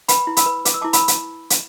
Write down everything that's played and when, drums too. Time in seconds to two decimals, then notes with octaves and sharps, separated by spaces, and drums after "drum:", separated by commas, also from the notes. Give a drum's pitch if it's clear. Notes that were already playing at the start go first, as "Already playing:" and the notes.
0.08 B4 G5 B5, drum: hi-hat
0.27 E4
0.37 B5 E6, drum: hi-hat
0.46 B4
0.65 B4 D6, drum: hi-hat
0.74 E6
0.81 E4 A5 D6
0.93 B5 E6, drum: hi-hat
1.08 drum: hi-hat
1.50 drum: hi-hat